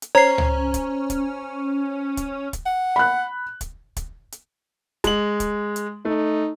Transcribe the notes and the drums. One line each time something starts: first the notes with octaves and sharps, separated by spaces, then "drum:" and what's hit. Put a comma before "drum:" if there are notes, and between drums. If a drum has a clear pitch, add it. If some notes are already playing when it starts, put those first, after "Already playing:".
drum: hi-hat
C#4 C5 C#5 A#5 C7
drum: tom C#2
drum: kick, hi-hat
drum: kick, hi-hat
drum: kick, hi-hat
drum: kick, hi-hat
F#5
B5 F#6
drum: kick, hi-hat
drum: kick, hi-hat
drum: hi-hat
G#3 F#7, drum: kick, hi-hat
drum: kick, hi-hat
drum: hi-hat
A3 D#4